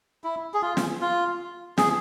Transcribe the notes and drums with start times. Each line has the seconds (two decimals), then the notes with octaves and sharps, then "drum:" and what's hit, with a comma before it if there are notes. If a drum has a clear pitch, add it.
0.24 E4
0.54 G#4
0.62 F4
0.77 drum: snare
1.01 F4
1.78 G#4, drum: snare